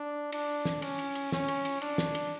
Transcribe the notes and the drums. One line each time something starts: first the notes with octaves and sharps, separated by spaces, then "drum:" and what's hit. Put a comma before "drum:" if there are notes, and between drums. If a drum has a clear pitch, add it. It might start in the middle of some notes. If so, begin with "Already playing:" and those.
Already playing: D4
D4, drum: cymbal
drum: snare
C#4, drum: cymbal
drum: cymbal
drum: cymbal
C#4, drum: snare
drum: cymbal
drum: cymbal
D4, drum: cymbal
drum: snare
drum: cymbal